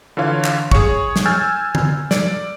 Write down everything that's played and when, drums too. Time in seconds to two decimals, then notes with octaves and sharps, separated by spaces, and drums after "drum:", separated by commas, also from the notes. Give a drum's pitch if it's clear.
0.17 D3 E3 F4 C#5 F5
0.45 drum: clap
0.71 G#4 C#5 C#6, drum: kick
1.16 drum: snare
1.26 G#5 E6 F6 G6 A6
1.75 drum: tom D3
2.11 D5, drum: snare